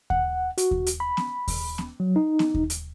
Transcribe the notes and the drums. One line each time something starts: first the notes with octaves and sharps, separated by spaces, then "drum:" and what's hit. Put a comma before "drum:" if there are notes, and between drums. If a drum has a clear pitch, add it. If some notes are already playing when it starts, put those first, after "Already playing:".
F#5, drum: kick D#2
F#4, drum: hi-hat
drum: kick D#2
drum: hi-hat
B5
drum: snare B3
drum: kick D#2, open hi-hat
drum: snare B3
F#3
D#4
drum: snare B3
drum: kick D#2
drum: hi-hat